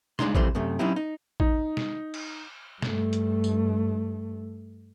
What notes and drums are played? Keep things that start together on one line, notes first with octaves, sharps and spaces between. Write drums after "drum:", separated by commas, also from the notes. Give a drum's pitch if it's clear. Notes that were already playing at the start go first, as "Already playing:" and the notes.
C#2 G#3 D4 D#4 C6, drum: snare
C2 E3 G3 A3 C4 C5, drum: kick A1
F#2 C3 A3
F#3 C4 C#4 D#4 E4 G4
D#4
D#4, drum: kick A1
drum: snare
drum: cymbal
G2 A3, drum: snare
drum: hi-hat
drum: tambourine